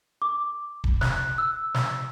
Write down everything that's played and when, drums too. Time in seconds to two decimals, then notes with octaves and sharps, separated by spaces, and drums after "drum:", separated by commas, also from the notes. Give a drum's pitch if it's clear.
0.22 D6
0.84 drum: kick D#1
1.01 F#6, drum: snare
1.38 E6
1.74 drum: snare